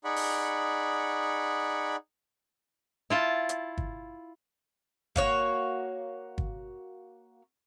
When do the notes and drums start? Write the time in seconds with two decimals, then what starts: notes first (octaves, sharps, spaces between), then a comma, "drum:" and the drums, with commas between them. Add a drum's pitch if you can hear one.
0.04 D#4 G#4 D5 F#5 B5 C#6
0.16 drum: open hi-hat
3.10 E4 F4 A5
3.49 drum: hi-hat
3.78 drum: kick G1
5.16 A#3 F#4 C#5, drum: kick G1
6.38 drum: kick G1